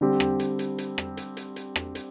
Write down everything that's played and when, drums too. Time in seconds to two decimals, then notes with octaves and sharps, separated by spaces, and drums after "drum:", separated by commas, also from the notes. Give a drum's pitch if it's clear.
0.01 D3 G3 C4 G4
0.20 drum: rim click
0.39 drum: hi-hat
0.59 drum: hi-hat
0.78 drum: hi-hat
0.98 drum: rim click
1.17 drum: hi-hat
1.37 drum: hi-hat
1.56 drum: hi-hat
1.76 drum: rim click
1.95 drum: hi-hat